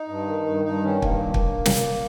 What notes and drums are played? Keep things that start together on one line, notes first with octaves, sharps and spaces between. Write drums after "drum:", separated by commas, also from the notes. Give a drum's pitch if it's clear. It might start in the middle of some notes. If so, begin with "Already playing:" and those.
Already playing: D#4
G2
D#3
G2
G2 D#4
D#3 C#4
G2 A#3, drum: kick
A#2
drum: kick
drum: snare